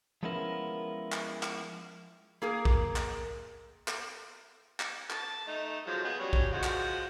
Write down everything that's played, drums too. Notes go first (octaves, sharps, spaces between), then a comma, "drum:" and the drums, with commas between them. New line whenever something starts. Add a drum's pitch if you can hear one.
F3 G#3 B3 C#4 E4 A#4
drum: clap
drum: clap
A#3 G#4 A#4
drum: kick A#1
drum: clap
drum: clap
drum: clap
A5, drum: clap
A3 D#4
F3 F#3 G#3
B3 G#4
F#3 G3 C#4
drum: kick A#1
F3 G#3 F#4
drum: clap